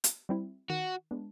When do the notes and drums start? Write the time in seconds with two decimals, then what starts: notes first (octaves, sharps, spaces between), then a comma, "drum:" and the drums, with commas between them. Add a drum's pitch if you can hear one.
0.04 drum: hi-hat
0.29 G3 C4 E4
0.70 D#3 F#4
1.11 G#3 B3 D4